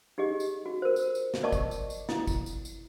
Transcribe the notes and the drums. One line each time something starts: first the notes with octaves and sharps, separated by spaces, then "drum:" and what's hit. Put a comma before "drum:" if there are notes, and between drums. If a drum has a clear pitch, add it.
D#4 G4 G#4 D#5
drum: tambourine
F#4
A#4 C5
drum: tambourine
drum: tambourine
drum: snare
A#4 D5 D#5 A5 C#6 D6
drum: kick, tambourine
drum: tambourine
drum: tambourine
E4, drum: snare
drum: kick, tambourine
drum: tambourine
drum: tambourine